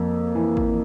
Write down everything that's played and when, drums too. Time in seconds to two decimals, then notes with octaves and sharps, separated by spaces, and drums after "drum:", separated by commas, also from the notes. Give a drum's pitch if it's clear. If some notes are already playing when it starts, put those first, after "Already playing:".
Already playing: F2 A#3
0.35 E3
0.57 drum: kick